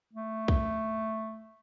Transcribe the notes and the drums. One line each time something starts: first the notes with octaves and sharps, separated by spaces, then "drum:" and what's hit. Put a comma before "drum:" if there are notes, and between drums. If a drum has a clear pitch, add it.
A3
drum: kick